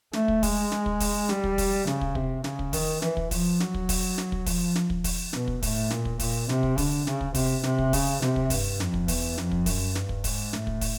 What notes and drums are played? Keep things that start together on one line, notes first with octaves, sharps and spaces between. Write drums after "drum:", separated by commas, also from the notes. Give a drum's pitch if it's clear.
A3, drum: snare
drum: kick
G#3, drum: kick, open hi-hat
drum: snare
drum: kick
drum: kick, open hi-hat
G3, drum: snare
drum: kick
drum: kick, open hi-hat
C#3, drum: snare
drum: kick
C3, drum: kick
C#3, drum: snare
drum: kick
D#3, drum: kick, open hi-hat
E3, drum: snare
drum: kick
F3, drum: kick, open hi-hat
F#3, drum: snare
drum: kick
drum: kick, open hi-hat
drum: snare
drum: kick
F3, drum: kick, open hi-hat
drum: snare
drum: kick
drum: kick, open hi-hat
B2, drum: snare
drum: kick
A2, drum: kick, open hi-hat
A#2, drum: snare
drum: kick
A#2, drum: kick, open hi-hat
C3, drum: snare
drum: kick
D3, drum: kick, open hi-hat
C#3, drum: snare
drum: kick
C3, drum: kick, open hi-hat
C3, drum: snare
drum: kick
C#3, drum: kick, open hi-hat
C3, drum: snare
drum: kick
G2, drum: kick, open hi-hat
F2, drum: snare
drum: kick
E2, drum: kick, open hi-hat
F2, drum: snare
drum: kick
F#2, drum: kick, open hi-hat
G2, drum: snare
drum: kick
G#2, drum: kick, open hi-hat
A2, drum: snare
drum: kick
drum: kick, open hi-hat